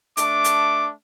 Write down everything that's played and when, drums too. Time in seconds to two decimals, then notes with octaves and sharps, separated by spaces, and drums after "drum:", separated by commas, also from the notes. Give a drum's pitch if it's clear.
0.17 A3 D4 D6, drum: hi-hat
0.44 drum: hi-hat